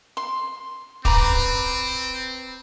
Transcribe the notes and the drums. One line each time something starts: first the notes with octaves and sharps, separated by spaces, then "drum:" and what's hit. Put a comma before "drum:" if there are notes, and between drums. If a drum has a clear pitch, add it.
C6
C4 B4 A#5 D6, drum: kick